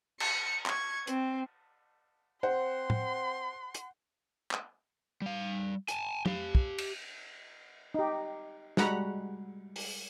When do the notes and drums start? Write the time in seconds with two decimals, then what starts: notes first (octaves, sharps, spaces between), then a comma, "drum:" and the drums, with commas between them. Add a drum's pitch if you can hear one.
0.20 C#7, drum: cymbal
0.66 C#6 G#6, drum: clap
1.07 C4, drum: hi-hat
2.43 C4 C5 F#5 C6
2.90 drum: tom A2
3.74 drum: hi-hat
4.51 drum: clap
5.22 G3 F5
5.88 G#5 A5, drum: hi-hat
6.26 G4 F5, drum: tom
6.55 drum: kick
6.78 drum: cymbal
7.94 D#4 G4
8.77 G3 G#3 F#4 F#5 A#5 B5, drum: snare
9.76 drum: open hi-hat